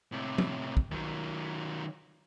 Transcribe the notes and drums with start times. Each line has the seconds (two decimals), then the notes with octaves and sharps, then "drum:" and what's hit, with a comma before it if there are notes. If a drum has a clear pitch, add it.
0.12 A2 C3
0.38 drum: tom F3
0.77 drum: kick
0.92 D#3 F#3